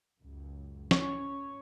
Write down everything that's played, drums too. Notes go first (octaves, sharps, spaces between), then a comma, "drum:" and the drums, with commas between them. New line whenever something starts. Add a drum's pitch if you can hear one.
C#2 F#2
C#4 C#5, drum: snare